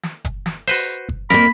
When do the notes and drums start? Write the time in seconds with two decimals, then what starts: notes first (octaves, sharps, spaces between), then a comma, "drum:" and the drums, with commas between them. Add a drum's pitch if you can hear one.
0.03 drum: snare
0.25 drum: kick F#1, hi-hat
0.46 drum: snare
0.68 F#4 B4 C5, drum: open hi-hat
1.09 drum: kick F#1
1.30 F2 A#3 A#4 B5, drum: snare